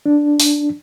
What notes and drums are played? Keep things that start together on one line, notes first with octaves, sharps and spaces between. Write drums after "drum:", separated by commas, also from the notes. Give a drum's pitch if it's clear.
D4
drum: open hi-hat